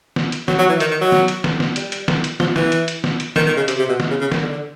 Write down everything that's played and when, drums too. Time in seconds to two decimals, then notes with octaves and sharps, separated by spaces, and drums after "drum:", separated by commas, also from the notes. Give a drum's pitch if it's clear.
0.16 drum: snare
0.32 drum: hi-hat
0.48 F#3, drum: snare
0.59 F#3
0.69 E3
0.80 D#3, drum: hi-hat
0.91 D#3
1.01 F#3
1.12 drum: snare
1.28 drum: hi-hat
1.44 drum: snare
1.60 drum: snare
1.76 G3, drum: hi-hat
1.92 drum: hi-hat
2.08 drum: snare
2.24 drum: hi-hat
2.40 F3, drum: snare
2.56 E3, drum: snare
2.72 drum: hi-hat
2.88 drum: hi-hat
3.04 drum: snare
3.20 drum: hi-hat
3.36 D#3, drum: snare
3.47 D#3
3.57 C#3
3.68 C3, drum: hi-hat
3.79 C3
3.89 B2
4.00 drum: snare
4.10 C#3
4.21 C#3
4.32 D#3, drum: snare
4.42 D3
4.52 D3